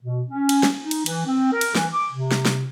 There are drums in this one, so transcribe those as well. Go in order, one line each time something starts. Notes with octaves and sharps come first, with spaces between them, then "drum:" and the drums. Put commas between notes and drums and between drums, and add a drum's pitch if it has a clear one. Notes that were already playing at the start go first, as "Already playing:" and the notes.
B2
C#4
drum: cymbal
drum: snare
D#4
drum: cymbal
E3, drum: cymbal
C4
A#4
drum: cymbal
E3, drum: snare
D6
C3
drum: snare
drum: snare